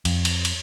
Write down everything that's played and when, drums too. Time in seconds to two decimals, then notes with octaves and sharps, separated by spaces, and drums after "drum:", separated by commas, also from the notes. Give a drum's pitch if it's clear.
0.05 F2, drum: cymbal
0.25 drum: cymbal
0.45 drum: cymbal